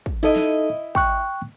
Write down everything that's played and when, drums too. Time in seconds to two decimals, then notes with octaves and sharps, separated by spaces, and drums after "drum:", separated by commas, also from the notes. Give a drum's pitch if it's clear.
0.06 drum: kick
0.23 D#4 E4 A4 D#5
0.36 drum: snare
0.95 G5 C#6 F#6, drum: kick